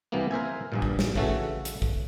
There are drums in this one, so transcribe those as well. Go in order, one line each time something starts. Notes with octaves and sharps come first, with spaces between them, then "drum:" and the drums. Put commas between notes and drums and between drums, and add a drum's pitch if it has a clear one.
C2 C3 E3 A#3 B3
A#4 C5 E5 G#5
A#1 G2 A#2
drum: kick A1
drum: snare
C#3 E3 A3 F#4 A4, drum: kick A1
drum: hi-hat
drum: kick A1